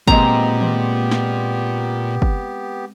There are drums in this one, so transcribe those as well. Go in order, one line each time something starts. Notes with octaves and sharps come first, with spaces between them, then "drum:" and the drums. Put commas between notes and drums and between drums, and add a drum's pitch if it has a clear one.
A#2 G#3 B3 C4 G4 A#5, drum: kick
drum: tom D#3
drum: snare
drum: kick